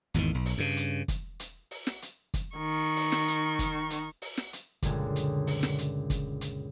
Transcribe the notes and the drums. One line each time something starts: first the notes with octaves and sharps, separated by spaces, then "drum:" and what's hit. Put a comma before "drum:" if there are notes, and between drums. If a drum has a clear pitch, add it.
G#1 E2 C3 D#3, drum: hi-hat
B1
drum: open hi-hat
G2 C#3
drum: hi-hat
drum: kick, hi-hat
drum: hi-hat
drum: open hi-hat
drum: snare
drum: hi-hat
drum: kick, hi-hat
D#3 C#6
drum: open hi-hat
drum: snare
drum: hi-hat
drum: kick, hi-hat
drum: hi-hat
drum: open hi-hat
drum: snare
drum: hi-hat
C#2 F#2 A#2 D3 G3 G#3, drum: kick, hi-hat
drum: hi-hat
drum: open hi-hat
drum: snare
drum: hi-hat
drum: kick, hi-hat
drum: hi-hat